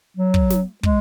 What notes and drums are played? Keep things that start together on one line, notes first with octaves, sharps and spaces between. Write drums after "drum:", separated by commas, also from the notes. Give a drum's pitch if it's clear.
F#3
drum: kick
drum: snare
G#3, drum: kick